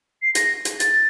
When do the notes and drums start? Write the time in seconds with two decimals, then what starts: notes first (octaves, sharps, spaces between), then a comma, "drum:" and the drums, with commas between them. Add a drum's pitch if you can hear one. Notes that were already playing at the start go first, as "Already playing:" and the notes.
0.22 C7
0.35 A#6, drum: hi-hat
0.65 drum: hi-hat
0.80 A6, drum: hi-hat